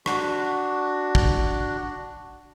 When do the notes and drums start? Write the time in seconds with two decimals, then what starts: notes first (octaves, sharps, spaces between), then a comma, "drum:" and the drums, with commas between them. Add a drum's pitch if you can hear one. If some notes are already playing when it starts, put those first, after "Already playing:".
0.06 D4 F#4, drum: rim click
1.15 drum: kick